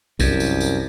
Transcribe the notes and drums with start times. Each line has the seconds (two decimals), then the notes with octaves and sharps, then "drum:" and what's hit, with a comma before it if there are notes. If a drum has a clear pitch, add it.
0.20 C2 F#2, drum: kick B1, tambourine
0.40 drum: tambourine
0.60 drum: tambourine